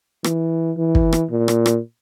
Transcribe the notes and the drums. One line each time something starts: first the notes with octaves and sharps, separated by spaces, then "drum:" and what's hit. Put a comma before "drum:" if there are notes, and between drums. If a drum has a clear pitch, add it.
E3, drum: rim click
E3
drum: kick
drum: rim click
A#2
drum: rim click
drum: rim click